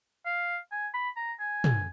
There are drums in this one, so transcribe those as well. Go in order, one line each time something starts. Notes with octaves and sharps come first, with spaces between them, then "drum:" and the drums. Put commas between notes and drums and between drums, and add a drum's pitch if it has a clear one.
F5
G#5
B5
A#5
G#5
drum: tom